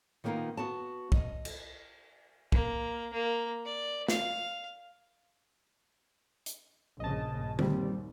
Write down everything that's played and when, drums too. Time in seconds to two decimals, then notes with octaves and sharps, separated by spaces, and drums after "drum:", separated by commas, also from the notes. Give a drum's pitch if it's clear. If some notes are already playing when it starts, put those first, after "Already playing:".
0.24 D#3 G3 A#3 B3 D#4 F4
0.57 B3 F#4 A5
1.12 D#5, drum: kick
1.45 drum: cymbal
2.52 A#3, drum: kick
3.13 A#3
3.66 D5
4.08 F5, drum: snare
6.46 drum: hi-hat
7.00 A#1 G2 C#3 D#5 A5
7.59 D#2 G3 C4, drum: tom